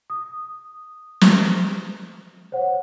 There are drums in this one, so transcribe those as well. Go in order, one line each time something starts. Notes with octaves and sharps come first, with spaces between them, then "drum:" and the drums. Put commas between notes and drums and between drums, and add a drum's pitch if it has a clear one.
D#6
drum: snare
C5 C#5 F#5